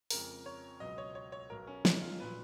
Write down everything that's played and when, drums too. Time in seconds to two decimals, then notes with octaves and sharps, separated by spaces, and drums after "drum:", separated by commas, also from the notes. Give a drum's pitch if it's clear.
0.10 F2 C#3 G#3 A#4, drum: open hi-hat
0.46 C#5
0.80 C#2 B2 F#3 D#5
0.98 C#5
1.15 C#5
1.32 C#5
1.50 B1 B2 F#3 A#4
1.67 C#4
1.85 D#4, drum: snare
2.02 F4
2.20 A#2 F#3 B4